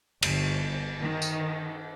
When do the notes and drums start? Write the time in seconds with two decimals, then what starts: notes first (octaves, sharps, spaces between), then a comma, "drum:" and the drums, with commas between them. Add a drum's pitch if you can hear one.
0.22 G1, drum: cymbal
0.99 D#3
1.22 drum: tambourine